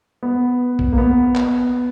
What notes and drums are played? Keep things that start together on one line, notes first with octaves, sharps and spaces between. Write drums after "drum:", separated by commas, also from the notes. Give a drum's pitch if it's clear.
B3
drum: kick A#1
A#3
B3
drum: clap